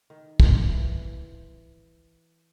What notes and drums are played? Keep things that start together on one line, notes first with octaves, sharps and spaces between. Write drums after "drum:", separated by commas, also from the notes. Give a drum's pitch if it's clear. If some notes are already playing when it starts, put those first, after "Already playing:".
D#3
F3, drum: kick
E3